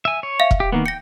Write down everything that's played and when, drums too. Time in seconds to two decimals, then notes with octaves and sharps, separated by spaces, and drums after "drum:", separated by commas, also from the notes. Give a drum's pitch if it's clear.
0.05 E5 G#5
0.23 C#5
0.40 E5 F5
0.51 drum: kick E1
0.60 G4
0.72 D#3 A#3 B3
0.86 G5 A#6 C#7